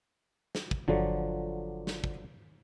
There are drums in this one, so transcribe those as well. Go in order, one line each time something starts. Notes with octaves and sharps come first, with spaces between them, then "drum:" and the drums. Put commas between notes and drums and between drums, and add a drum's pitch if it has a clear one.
drum: snare
drum: kick
G1 D3 F3 F#3 F4 A4 D5
drum: snare
drum: kick